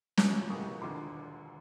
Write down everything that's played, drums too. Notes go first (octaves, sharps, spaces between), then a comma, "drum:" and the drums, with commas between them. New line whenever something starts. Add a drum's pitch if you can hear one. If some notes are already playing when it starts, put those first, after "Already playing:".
G#1 F#2 C#3 F3 D6 E6, drum: snare
F1 E2 B2 G3 A#3 C#6 D#6
E1 D#2 D3 F3 C6 D6